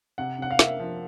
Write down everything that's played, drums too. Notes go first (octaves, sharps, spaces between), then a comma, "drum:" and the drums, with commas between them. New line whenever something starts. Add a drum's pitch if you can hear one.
C3 F#5
C3 F#5
F5
A#3 E5, drum: snare
F3